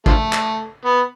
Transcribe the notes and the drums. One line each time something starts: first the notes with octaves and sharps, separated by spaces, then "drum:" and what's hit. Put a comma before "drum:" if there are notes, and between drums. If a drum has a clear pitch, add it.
D3 F3 A3, drum: kick
drum: clap
B3